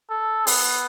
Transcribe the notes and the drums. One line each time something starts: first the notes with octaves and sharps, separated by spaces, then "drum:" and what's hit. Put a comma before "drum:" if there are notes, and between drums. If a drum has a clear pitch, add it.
A4
B3, drum: open hi-hat